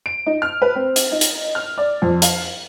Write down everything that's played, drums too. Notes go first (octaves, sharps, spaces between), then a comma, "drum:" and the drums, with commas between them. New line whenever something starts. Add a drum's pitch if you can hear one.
D7
D#4
F6
B4
C4
drum: hi-hat
D#4
drum: hi-hat
F6
D5
F2
F5, drum: hi-hat
F#7